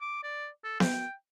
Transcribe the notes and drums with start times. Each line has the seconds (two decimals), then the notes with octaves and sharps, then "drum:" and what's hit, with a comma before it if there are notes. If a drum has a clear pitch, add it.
0.01 D6
0.23 D5
0.64 A4
0.80 G5, drum: snare B3